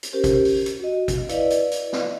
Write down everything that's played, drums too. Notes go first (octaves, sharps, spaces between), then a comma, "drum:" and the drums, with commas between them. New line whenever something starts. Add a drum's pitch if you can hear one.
drum: hi-hat
C#4 G4 A#4 C5
drum: kick G#1, hi-hat
drum: open hi-hat
drum: hi-hat
F#4 D#5
drum: kick G#1, hi-hat
E4 B4 D5 D#5 F5, drum: hi-hat
drum: hi-hat
drum: hi-hat
drum: snare